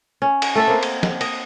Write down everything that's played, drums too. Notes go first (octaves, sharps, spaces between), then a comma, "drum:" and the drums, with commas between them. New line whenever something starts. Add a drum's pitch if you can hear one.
C#4
drum: cymbal
A3 A4 E5
A#3 C4
drum: cymbal
drum: snare
D#5, drum: cymbal